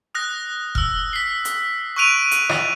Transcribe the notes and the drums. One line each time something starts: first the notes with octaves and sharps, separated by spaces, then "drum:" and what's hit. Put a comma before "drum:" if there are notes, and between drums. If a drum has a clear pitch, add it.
D#6 F6 F#6 A#6
E6 F6, drum: kick F1
B6 C7
drum: hi-hat
C#6 E6 F#6 D7 D#7 F7
drum: hi-hat
drum: rim click